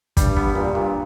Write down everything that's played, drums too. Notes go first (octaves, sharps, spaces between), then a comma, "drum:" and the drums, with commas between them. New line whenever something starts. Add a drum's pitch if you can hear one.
G2 G3, drum: kick, hi-hat
B3
G2 A#2
A#2